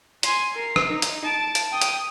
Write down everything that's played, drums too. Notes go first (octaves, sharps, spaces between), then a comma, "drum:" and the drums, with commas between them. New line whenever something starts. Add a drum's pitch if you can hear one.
G#5 C6, drum: hi-hat
A#4 C7
drum: rim click
D#4
drum: hi-hat
A5 D7
drum: hi-hat
G5 D#6
drum: hi-hat